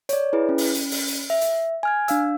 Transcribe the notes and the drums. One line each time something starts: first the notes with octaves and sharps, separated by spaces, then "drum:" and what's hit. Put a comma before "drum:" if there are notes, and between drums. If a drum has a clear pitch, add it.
C#5 D5, drum: hi-hat
E4 G#4 B4
C#4
drum: open hi-hat
drum: hi-hat
drum: open hi-hat
drum: hi-hat
E5
drum: hi-hat
G#5 F6 G#6
D4 F5 E6, drum: hi-hat